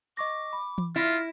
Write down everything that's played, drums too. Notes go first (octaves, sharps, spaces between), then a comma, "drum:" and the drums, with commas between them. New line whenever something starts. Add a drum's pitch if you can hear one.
D#5 C#6 D6 A#6
B5
drum: tom E3
E4 F4 E5 F6 A#6 B6